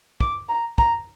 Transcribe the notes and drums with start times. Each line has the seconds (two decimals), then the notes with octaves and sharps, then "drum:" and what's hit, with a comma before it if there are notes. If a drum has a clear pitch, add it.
0.20 D6, drum: kick
0.49 A#5
0.78 A#5, drum: kick